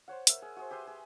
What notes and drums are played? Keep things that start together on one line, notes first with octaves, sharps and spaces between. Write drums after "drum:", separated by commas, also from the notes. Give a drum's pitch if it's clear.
C5 C#5 F#5
A#4 E5, drum: hi-hat
G#4
F#4 G#4 C5
G4 B4 E5 C6
G#4